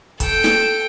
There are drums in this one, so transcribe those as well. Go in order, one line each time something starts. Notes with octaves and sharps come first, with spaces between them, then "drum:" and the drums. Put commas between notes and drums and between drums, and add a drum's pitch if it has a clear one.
A4 G5, drum: kick, hi-hat
drum: snare